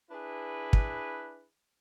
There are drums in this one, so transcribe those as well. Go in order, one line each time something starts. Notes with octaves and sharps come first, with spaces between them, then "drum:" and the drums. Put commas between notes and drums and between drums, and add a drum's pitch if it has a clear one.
D4 E4 G#4 B4
drum: kick